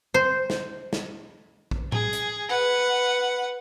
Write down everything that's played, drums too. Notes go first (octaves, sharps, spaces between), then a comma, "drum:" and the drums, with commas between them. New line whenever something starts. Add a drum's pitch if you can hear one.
C5
drum: snare
drum: snare
drum: kick
G#4, drum: tom A2
drum: hi-hat
B4 F#5